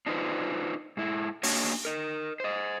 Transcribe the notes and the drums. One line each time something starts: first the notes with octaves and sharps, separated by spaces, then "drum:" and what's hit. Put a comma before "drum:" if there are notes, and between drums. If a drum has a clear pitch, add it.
D4 D#4 F4 B4 C5
G#2 E4
A#3 D4 F#4 C#5, drum: open hi-hat
A#4 D#5
C5 D#5